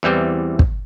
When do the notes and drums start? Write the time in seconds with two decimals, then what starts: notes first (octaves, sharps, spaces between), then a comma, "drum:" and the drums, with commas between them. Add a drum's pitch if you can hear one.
0.03 E2 E3 G3 C4
0.59 drum: kick